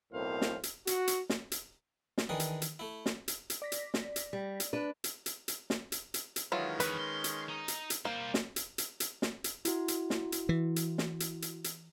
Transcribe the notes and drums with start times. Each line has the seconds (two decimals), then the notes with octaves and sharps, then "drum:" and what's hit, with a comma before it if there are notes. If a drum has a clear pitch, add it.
0.13 B1 A2 C4 A#4 C5 F5
0.41 drum: snare
0.63 drum: hi-hat
0.87 F#4, drum: hi-hat
1.08 drum: hi-hat
1.30 drum: snare
1.52 drum: hi-hat
2.18 drum: snare
2.29 D#3 E3 D4 G#4
2.40 drum: hi-hat
2.62 drum: hi-hat
2.79 A3 E4
3.06 drum: snare
3.28 drum: hi-hat
3.50 drum: hi-hat
3.62 D5 A#6 B6
3.72 drum: hi-hat
3.94 drum: snare
4.16 drum: hi-hat
4.33 G3
4.60 drum: hi-hat
4.73 D4 B4
5.04 drum: hi-hat
5.26 drum: hi-hat
5.48 drum: hi-hat
5.70 drum: snare
5.92 drum: hi-hat
6.14 drum: hi-hat
6.36 drum: hi-hat
6.52 D#3 E3 F#3 G#3 C#4 F4
6.80 E3 B3 B4, drum: hi-hat
6.98 C6
7.24 drum: hi-hat
7.49 D#4
7.68 drum: hi-hat
7.90 drum: hi-hat
8.05 G3 A#3 C5
8.34 drum: snare
8.56 drum: hi-hat
8.78 drum: hi-hat
9.00 drum: hi-hat
9.22 drum: snare
9.44 drum: hi-hat
9.65 E4 F#4, drum: hi-hat
9.88 drum: hi-hat
10.10 drum: snare
10.32 drum: hi-hat
10.49 E3
10.76 drum: hi-hat
10.98 drum: snare
11.20 drum: hi-hat
11.42 drum: hi-hat
11.64 drum: hi-hat